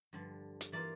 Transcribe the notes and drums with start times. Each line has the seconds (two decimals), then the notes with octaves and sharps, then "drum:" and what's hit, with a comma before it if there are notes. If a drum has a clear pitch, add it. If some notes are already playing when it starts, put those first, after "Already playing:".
0.13 G2 D3 F3
0.61 drum: hi-hat
0.72 E3 A#3 F4 D5